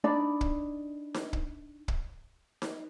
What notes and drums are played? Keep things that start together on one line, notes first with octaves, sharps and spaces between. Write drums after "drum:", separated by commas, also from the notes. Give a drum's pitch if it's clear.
D4 D#4 D5 B5
drum: kick
drum: snare D#4
drum: kick
drum: kick
drum: snare D#4